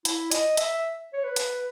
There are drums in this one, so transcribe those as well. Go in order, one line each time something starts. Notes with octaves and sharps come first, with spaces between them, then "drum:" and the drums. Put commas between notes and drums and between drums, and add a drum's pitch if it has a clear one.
E4, drum: hi-hat
D#5, drum: hi-hat
E5, drum: hi-hat
C#5
B4
drum: hi-hat